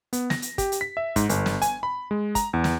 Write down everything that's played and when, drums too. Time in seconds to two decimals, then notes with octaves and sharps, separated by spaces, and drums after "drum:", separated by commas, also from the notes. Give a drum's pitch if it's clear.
0.13 B3, drum: hi-hat
0.30 A#6, drum: snare
0.42 drum: hi-hat
0.58 G4, drum: kick, hi-hat
0.72 drum: hi-hat
0.81 B6
0.97 E5
1.16 G#2, drum: kick, hi-hat
1.29 G1, drum: hi-hat
1.46 drum: snare
1.62 G#5, drum: hi-hat
1.83 B5
2.11 G#3
2.35 A#5, drum: kick, hi-hat
2.53 E2
2.64 drum: snare